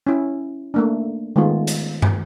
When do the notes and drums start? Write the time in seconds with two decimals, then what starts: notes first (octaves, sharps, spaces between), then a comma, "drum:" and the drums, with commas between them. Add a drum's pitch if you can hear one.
0.07 C#4 E4
0.74 A3 A#3 D4
1.36 D#3 G#3 A3 B3 F4
1.67 drum: hi-hat
2.02 drum: tom